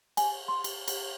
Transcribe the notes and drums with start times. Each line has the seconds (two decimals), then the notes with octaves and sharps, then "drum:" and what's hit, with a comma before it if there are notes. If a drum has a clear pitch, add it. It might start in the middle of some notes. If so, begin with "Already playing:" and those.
0.17 G#5, drum: cymbal
0.48 C6
0.64 drum: cymbal
0.88 drum: cymbal